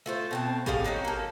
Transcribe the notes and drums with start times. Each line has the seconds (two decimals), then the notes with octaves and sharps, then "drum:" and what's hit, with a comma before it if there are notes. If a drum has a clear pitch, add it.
0.06 A3 F4 C5
0.31 B2 C4 A5
0.66 A2 G4 G#4 F5, drum: kick G#1
0.84 C4 C#4 D#4 F#4
1.05 A#3 A4